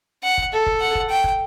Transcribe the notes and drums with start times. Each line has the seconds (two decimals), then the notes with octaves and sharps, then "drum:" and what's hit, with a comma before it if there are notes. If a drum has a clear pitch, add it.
0.23 F#5
0.38 drum: kick
0.52 A4
0.66 drum: kick
0.81 F#5
0.95 drum: kick
1.09 G5
1.24 drum: kick